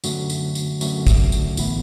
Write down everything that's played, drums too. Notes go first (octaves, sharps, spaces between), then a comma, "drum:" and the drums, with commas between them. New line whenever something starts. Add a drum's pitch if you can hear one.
F#2 D3 A3 F#4, drum: tambourine
drum: tambourine
drum: tambourine
F#2 D3 A3 F#4, drum: tambourine
drum: kick, tambourine
drum: tambourine
A2 E3 B3 E4, drum: tambourine